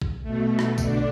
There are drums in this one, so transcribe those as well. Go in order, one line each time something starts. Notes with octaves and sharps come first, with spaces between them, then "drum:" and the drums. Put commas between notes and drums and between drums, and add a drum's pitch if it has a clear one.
drum: kick A#1
B2 A3
drum: rim click
D3 D4, drum: kick A#1, tambourine